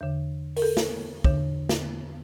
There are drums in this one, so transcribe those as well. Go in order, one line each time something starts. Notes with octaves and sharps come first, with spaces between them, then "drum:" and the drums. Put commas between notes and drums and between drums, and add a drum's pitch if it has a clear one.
E2 D3
A#4, drum: open hi-hat
A4
drum: snare
E2 D3, drum: kick
drum: snare